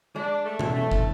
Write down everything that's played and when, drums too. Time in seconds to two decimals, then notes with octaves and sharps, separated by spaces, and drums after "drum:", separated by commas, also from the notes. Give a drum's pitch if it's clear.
0.16 G#3 D4
0.45 A3
0.59 E3, drum: tom B2
0.74 A3
0.92 drum: kick